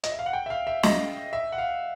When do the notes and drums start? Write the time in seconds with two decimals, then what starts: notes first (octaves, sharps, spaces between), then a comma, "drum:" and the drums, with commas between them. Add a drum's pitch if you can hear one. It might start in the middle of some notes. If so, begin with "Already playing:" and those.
0.04 D#5, drum: hi-hat
0.11 E5
0.19 F5
0.26 F#5
0.33 G5
0.46 E5
0.50 F5
0.67 E5
0.83 D#5, drum: snare
1.33 E5
1.52 F#5
1.58 F5